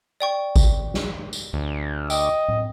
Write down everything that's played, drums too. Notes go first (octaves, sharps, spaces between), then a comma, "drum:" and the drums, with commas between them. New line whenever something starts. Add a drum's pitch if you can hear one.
D5 G5 C#6
drum: kick G#1, tambourine
drum: snare
drum: tambourine
D2
D#5 G5, drum: tambourine
drum: tom A2